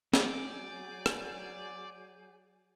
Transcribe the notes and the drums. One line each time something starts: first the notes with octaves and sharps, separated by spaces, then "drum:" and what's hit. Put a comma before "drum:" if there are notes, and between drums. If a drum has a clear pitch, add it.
F#3 G#4 D5 G#5 G6, drum: snare
drum: rim click